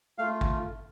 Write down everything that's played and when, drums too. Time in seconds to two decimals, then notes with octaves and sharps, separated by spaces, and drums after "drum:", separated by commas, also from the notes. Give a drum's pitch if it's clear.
0.18 A3 F4 F5
0.41 drum: kick